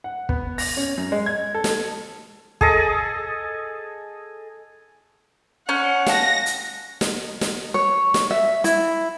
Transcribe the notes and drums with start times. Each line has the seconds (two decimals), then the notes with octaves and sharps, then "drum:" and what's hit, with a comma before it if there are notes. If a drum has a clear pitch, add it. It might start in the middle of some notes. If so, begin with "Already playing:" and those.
0.04 F#5
0.29 B3, drum: kick
0.58 A#6, drum: open hi-hat
0.77 C#4
0.98 F#2
1.12 G#3
1.26 G#6
1.54 A4
1.64 drum: snare
2.61 G#4 A4 D#5, drum: kick
5.69 C#4 F#5 G6
6.06 F5 G5 A5 A#6, drum: snare
6.46 drum: hi-hat
7.01 drum: snare
7.41 drum: snare
7.74 C#5
8.14 drum: snare
8.31 E5
8.64 E4, drum: hi-hat